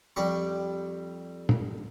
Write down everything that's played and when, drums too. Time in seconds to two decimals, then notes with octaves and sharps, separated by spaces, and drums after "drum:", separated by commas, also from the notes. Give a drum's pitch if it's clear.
0.16 F2 G3 D5 C#6
1.49 drum: tom